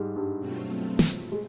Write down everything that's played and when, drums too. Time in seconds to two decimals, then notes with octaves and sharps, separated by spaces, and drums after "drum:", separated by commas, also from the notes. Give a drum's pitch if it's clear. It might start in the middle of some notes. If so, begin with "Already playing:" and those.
Already playing: G#2 G3 G#3
0.16 G2 G3
0.39 B2 F#3 A3 C4 F4
0.99 drum: snare
1.32 G#3